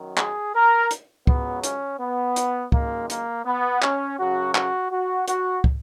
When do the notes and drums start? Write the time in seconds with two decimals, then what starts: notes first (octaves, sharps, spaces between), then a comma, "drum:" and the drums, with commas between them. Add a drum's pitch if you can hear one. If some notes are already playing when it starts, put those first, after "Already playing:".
Already playing: F#2 D#3 F#3
0.17 G#4, drum: clap
0.55 A#4
0.91 drum: hi-hat
1.27 C#2 C#3 F#3 B3, drum: kick
1.64 C#4, drum: hi-hat
2.00 B3
2.36 drum: hi-hat
2.72 F#2 D#3 G#3 A#3, drum: kick
3.10 A#3, drum: hi-hat
3.46 B3
3.82 C#4, drum: clap
4.18 F#2 C#3 F#3 F#4
4.55 F#4, drum: clap
4.91 F#4
5.28 F#4, drum: hi-hat
5.64 drum: kick